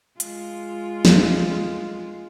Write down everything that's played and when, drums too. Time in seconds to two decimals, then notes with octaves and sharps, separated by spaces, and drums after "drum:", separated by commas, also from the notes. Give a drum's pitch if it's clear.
0.20 G#3 F4, drum: hi-hat
1.05 drum: snare